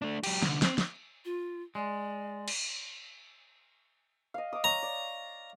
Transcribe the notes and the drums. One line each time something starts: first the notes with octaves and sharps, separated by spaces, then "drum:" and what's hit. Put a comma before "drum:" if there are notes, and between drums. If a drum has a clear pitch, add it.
A3 D4
F#3 G4, drum: cymbal
C2 D3, drum: snare
C4, drum: snare
drum: snare
F4
G#3 D5
drum: cymbal
D#5 F5
D6 D#6
C#5 A#5
D5